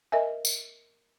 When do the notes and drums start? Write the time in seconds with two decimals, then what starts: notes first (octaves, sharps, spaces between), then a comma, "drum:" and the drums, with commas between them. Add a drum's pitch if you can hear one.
0.12 A#4 D#5 E5 G#5
0.45 drum: tambourine